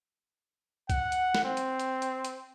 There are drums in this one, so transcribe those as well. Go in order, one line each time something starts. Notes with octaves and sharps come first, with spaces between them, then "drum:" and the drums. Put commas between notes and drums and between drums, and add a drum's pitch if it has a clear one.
F#5, drum: kick B1, hi-hat
drum: hi-hat
drum: snare
C4
drum: hi-hat
drum: hi-hat
drum: hi-hat
drum: hi-hat